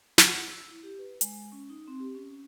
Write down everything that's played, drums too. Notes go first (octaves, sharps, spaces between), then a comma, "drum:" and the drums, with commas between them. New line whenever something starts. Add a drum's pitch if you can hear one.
F#5, drum: snare
E6
E4
G4
B4
G#3, drum: hi-hat
C#4
D#4
C4
G4
C#4